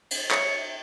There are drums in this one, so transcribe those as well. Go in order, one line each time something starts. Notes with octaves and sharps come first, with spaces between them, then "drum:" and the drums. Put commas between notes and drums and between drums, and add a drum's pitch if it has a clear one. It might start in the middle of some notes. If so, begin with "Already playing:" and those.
drum: cymbal
C#5, drum: clap